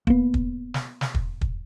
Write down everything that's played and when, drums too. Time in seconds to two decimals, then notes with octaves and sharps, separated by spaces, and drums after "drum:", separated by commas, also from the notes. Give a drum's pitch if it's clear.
0.07 A#3 B3, drum: kick
0.34 drum: kick
0.74 drum: snare
1.01 drum: snare
1.14 drum: kick
1.41 drum: kick